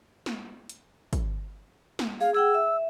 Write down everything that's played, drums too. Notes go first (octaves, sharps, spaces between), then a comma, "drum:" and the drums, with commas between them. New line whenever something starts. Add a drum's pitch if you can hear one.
drum: snare
drum: hi-hat
drum: kick, hi-hat
drum: snare
G#4 F5
G#4 F#5 G5 E6
E5